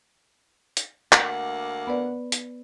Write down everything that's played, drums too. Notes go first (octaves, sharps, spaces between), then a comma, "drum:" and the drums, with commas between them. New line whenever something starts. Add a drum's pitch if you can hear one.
drum: hi-hat
D2 A#3 F#5, drum: clap
B3 B4 D5
drum: hi-hat